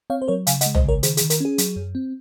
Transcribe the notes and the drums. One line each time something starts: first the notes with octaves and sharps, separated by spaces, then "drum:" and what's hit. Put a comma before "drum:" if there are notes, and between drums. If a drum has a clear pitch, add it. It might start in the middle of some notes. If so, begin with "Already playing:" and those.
C4 C#5 F5
C5
F#3 A#4 C#5
C#3 F5 G#5, drum: hi-hat
D#5 F#5, drum: hi-hat
G#3
C5 D#5, drum: tom A#1
C#3 A#4 C#5
D#3 G#4 C5, drum: hi-hat
G#4, drum: hi-hat
D#3
A#4, drum: hi-hat
C#4 G#4
F#3, drum: hi-hat
F#2
C4